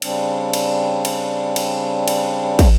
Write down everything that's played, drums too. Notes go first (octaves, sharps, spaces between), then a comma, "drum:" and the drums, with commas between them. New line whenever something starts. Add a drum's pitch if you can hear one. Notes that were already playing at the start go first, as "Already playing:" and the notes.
C#3 G3 C4 D4, drum: cymbal
drum: cymbal
drum: cymbal
drum: cymbal
drum: cymbal
drum: kick, cymbal